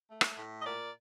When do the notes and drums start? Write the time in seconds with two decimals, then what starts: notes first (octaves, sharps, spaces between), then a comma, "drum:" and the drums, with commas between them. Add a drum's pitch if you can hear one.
0.10 A3
0.21 drum: rim click
0.38 A2
0.60 D#5
0.65 A#2 A#4 D5